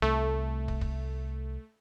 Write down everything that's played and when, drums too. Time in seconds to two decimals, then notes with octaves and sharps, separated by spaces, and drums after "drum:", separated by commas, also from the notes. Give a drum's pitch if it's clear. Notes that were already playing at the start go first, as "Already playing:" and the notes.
0.02 C2 A3
0.68 drum: kick
0.81 drum: kick